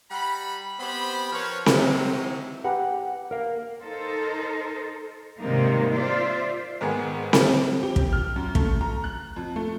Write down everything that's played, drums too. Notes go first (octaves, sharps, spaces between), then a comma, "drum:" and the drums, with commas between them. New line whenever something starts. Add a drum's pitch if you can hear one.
G3 F#5 A#5 B5
B3 C4 G4 C5 B5
F3 A#4 B4 C#5
C3 D#3 E3 F#3 G#3 D#4, drum: snare C4
G4 B4 F#5 A#5
A#4 F5
D#4 A4 A#4 C5
G#2 C3 D#3 G3 A#3 D#4
F4 C5 D5 E5
G#2 D#3 G#3 B3 G#4
drum: snare C4
G4
drum: kick
F6
F#2
A3, drum: kick
A#5
F#6
F2
A3